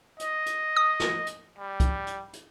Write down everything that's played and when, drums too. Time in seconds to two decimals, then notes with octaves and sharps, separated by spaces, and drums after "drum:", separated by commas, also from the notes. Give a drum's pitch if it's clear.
0.20 D#5, drum: hi-hat
0.46 drum: hi-hat
0.76 D#6
1.00 drum: snare
1.26 drum: hi-hat
1.58 G3
1.80 drum: kick, hi-hat
2.07 drum: hi-hat
2.33 drum: hi-hat